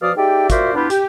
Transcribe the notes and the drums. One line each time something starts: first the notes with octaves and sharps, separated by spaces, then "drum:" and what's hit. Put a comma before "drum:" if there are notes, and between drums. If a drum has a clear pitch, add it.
B2 F3 F#4 D5 F5 D#6
G#3 D#4 G4 D5 E5 G5
F4 F#4 A#4 C5 D5 E5, drum: kick, hi-hat
B3 D4 E4 F4 G4 B4
G4, drum: hi-hat